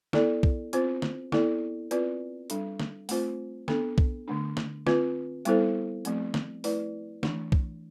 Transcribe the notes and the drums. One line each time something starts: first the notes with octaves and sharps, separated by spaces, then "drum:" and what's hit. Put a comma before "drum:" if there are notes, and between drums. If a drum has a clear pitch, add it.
B3 E4 A4 D5, drum: snare
drum: kick B1
C4 F4 C5, drum: hi-hat
drum: snare
B3 E4 A4 D5, drum: snare
C4 F4 B4 D5, drum: hi-hat
G3 D4 A4, drum: hi-hat
drum: snare
A3 C4 F4 C5, drum: open hi-hat
B3 D4 A4, drum: snare
drum: kick B1
D3 A3 D4
drum: snare
C4 F4 B4, drum: snare
G3 B3 E4 A4 C5, drum: hi-hat
F3 A3 C4, drum: hi-hat
drum: snare
A3 E4 B4 D5, drum: open hi-hat
E3 A3 D4, drum: snare
drum: kick B1